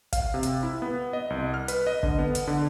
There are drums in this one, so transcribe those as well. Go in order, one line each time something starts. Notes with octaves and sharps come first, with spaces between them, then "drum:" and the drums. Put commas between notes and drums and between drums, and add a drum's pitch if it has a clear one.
F5, drum: kick, hi-hat
C3
drum: hi-hat
E4
B3
D#5
C2
F6
B4, drum: hi-hat
D#5
D3, drum: kick
B3
drum: hi-hat
D3